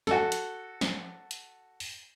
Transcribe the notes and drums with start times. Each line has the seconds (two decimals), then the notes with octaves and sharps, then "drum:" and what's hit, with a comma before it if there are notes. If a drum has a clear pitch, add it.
0.07 F#4 A4, drum: snare
0.32 drum: hi-hat
0.81 drum: snare
1.31 drum: hi-hat
1.80 drum: open hi-hat